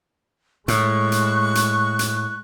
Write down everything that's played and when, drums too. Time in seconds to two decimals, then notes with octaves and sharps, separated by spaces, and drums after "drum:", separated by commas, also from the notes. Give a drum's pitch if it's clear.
0.68 A2 G#3 C#6 F#6, drum: hi-hat
1.12 drum: hi-hat
1.55 drum: hi-hat
1.99 drum: hi-hat